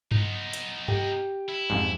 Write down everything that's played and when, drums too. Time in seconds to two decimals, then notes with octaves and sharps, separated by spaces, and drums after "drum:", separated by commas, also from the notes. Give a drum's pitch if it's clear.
0.11 B3 D#4, drum: tom G2
0.53 drum: hi-hat
0.88 G4, drum: tom G2
1.49 E4
1.70 F2 G#2